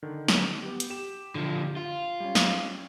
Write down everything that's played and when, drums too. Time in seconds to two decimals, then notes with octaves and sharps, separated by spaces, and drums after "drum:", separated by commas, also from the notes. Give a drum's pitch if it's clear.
0.03 D3 D#3
0.28 drum: snare
0.63 B3 G4
0.80 drum: hi-hat
0.90 G4 E7
1.35 D3 F3
1.77 F4
2.20 G3 C#4
2.35 drum: snare